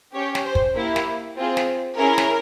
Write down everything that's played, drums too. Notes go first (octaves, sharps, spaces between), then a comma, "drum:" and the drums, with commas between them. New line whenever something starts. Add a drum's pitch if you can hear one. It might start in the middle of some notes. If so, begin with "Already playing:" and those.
C#4 G4 C#5
drum: snare
C5
drum: kick
A#3 E4 G4
drum: snare
C4 F4 G#4
drum: snare
C#4 E4 G#4 A#4
drum: snare